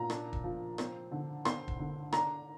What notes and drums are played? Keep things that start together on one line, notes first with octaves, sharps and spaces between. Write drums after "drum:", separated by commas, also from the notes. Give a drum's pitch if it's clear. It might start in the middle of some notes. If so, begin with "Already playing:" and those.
Already playing: A#2 A#5
D4, drum: rim click
drum: kick
F3
C4, drum: rim click
D3
C4 C6, drum: rim click
drum: kick
D3
D4 A#5, drum: rim click